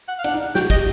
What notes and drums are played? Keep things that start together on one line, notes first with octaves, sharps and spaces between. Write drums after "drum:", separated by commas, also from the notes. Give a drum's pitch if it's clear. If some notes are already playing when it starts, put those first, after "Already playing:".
F#5
F5
D4 F#5, drum: cymbal
D#4
F#4 G5, drum: snare
G4 D#5, drum: kick, cymbal